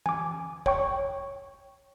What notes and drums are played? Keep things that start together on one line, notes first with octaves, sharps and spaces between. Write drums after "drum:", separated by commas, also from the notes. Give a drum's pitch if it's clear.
G#5 D6, drum: tom E3
C#5 G5 C#6, drum: kick